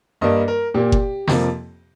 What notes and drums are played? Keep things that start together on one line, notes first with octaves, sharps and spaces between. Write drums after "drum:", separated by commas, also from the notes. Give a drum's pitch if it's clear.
G2 G3 A#3 D#5
A#4
A#2 A#3 G4
drum: kick F#1
F2 C3 F3 A#3, drum: snare